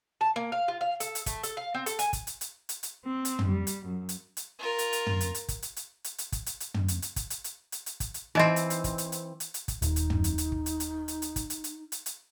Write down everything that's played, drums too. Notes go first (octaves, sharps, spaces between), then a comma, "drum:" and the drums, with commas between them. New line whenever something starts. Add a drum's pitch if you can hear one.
A5
A#3
F5
F4
F5
A4, drum: hi-hat
drum: hi-hat
A3, drum: kick, hi-hat
A4, drum: hi-hat
F5
C4
A4, drum: hi-hat
G#5, drum: hi-hat
drum: kick, hi-hat
drum: hi-hat
drum: hi-hat
drum: hi-hat
drum: hi-hat
C4
drum: hi-hat
drum: tom
G3
drum: hi-hat
F#2
drum: hi-hat
drum: hi-hat
F4 A#4
drum: hi-hat
drum: hi-hat
drum: tom
drum: hi-hat
drum: hi-hat
drum: kick, hi-hat
drum: hi-hat
drum: hi-hat
drum: hi-hat
drum: hi-hat
drum: kick, hi-hat
drum: hi-hat
drum: hi-hat
drum: tom
drum: hi-hat
drum: hi-hat
drum: kick, hi-hat
drum: hi-hat
drum: hi-hat
drum: hi-hat
drum: hi-hat
drum: kick, hi-hat
drum: hi-hat
E3 C4 D#4 D#5
drum: hi-hat
drum: hi-hat
drum: kick, hi-hat
drum: hi-hat
drum: hi-hat
drum: hi-hat
drum: hi-hat
drum: kick, hi-hat
D#1 D#4, drum: hi-hat
drum: hi-hat
drum: tom
drum: hi-hat
drum: hi-hat
drum: kick
drum: hi-hat
drum: hi-hat
drum: hi-hat
drum: hi-hat
drum: kick, hi-hat
drum: hi-hat
drum: hi-hat
drum: hi-hat
drum: hi-hat